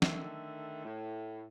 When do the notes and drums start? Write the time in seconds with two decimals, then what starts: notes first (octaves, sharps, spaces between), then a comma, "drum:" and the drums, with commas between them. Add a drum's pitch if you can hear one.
0.02 D3 D#3 A3 E5, drum: snare
0.85 A2